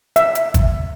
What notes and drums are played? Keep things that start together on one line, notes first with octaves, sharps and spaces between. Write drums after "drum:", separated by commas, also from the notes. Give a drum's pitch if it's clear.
E5, drum: hi-hat
drum: hi-hat
drum: kick, hi-hat